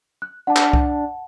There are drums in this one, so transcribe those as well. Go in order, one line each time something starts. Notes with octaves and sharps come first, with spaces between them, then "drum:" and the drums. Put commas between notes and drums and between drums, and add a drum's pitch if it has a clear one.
F#6
D4 F#5 A5
drum: clap
drum: kick C2